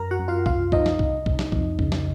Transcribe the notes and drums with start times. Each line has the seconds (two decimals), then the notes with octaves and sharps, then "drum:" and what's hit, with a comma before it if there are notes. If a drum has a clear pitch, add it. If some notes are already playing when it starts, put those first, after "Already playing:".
Already playing: F#2 F#3 A#4 A#5
0.11 F#4 F#5
0.19 F#2
0.28 F4 F5
0.46 C2 F4 F5, drum: kick
0.72 F3 D#4 D#5, drum: kick
0.86 drum: snare
0.99 C2, drum: kick
1.26 C2, drum: kick
1.39 drum: snare
1.52 F2, drum: kick
1.79 C#3, drum: kick
1.92 drum: snare